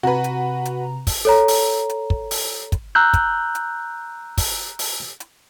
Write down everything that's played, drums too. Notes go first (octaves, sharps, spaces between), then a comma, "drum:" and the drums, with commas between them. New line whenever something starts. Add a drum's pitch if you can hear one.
C3 F#4 B4 A#5
drum: hi-hat
drum: hi-hat
drum: kick, open hi-hat
A4 C#5 A#5
drum: open hi-hat
drum: hi-hat
drum: kick
drum: open hi-hat
drum: kick, hi-hat
A#5 E6 F#6 G6
drum: kick, hi-hat
drum: hi-hat
drum: kick, open hi-hat
drum: open hi-hat
drum: hi-hat